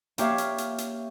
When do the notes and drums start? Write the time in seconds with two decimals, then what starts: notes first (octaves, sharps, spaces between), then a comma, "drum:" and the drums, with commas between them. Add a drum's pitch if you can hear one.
0.18 A#3 G4 C#5 E5 F5, drum: hi-hat
0.38 drum: hi-hat
0.58 drum: hi-hat
0.78 drum: hi-hat